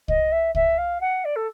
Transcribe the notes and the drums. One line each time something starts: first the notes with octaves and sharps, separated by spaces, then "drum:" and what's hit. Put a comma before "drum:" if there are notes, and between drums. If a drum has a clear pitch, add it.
D#5, drum: kick C2
E5
E5, drum: kick C2
F5
F#5
D5
A4